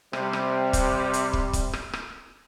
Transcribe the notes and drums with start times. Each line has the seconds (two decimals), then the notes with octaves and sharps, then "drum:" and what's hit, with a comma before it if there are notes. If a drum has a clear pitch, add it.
0.13 C3 G3, drum: rim click
0.33 drum: rim click
0.73 drum: kick, hi-hat
1.13 drum: hi-hat
1.33 drum: kick
1.53 drum: kick, hi-hat
1.73 drum: rim click
1.93 drum: rim click